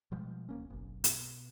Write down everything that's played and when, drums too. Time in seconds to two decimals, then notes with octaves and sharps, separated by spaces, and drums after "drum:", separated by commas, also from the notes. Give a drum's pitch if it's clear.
0.12 B2 F3 G3 G#3
0.49 D1 A#3 C#4
0.70 F#1 B1
1.04 B2, drum: hi-hat